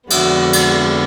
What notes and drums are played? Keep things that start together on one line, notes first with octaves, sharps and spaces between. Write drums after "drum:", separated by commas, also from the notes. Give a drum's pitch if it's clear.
F2 D3 F3 G#3 B3 F#4, drum: cymbal
drum: cymbal